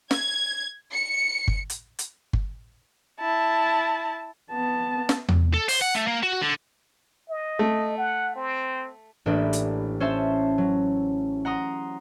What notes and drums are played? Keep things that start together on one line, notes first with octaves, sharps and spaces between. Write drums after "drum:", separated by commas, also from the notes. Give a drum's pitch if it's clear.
G#6, drum: snare
C#7
drum: kick G1
drum: hi-hat
drum: hi-hat
drum: kick G1
E4 A5
B3 A5
drum: snare
drum: tom E2
A4
C5, drum: open hi-hat
F#5
A3
A#3
F#4
D3
D#5
A3
F#5
C4
A1 A2 A#3 D4 G4 B4
drum: hi-hat
C#4 C5 E5 A5 C6
F#3
F#5 A#5 C6 D#6